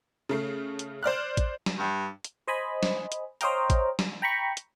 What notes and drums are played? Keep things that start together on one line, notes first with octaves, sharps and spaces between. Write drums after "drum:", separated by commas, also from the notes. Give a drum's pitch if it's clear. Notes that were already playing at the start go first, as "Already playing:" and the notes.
C#3 A3 C7
drum: hi-hat
C5 D5 F6 F#6
drum: kick A1, hi-hat
drum: snare
G2
drum: hi-hat
C5 D#5 G#5 B5
drum: snare
drum: hi-hat
C5 C#5 D#5 F5 G5 A#5, drum: hi-hat
drum: kick A1, hi-hat
drum: snare
G5 A#5 B5 C#6
drum: hi-hat